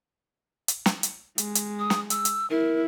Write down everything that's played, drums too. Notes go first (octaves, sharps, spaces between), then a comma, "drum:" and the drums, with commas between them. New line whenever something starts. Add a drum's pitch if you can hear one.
drum: hi-hat
drum: snare
drum: hi-hat
G#3, drum: hi-hat
drum: hi-hat
D#6
drum: snare
E6, drum: hi-hat
drum: hi-hat
E4 A#4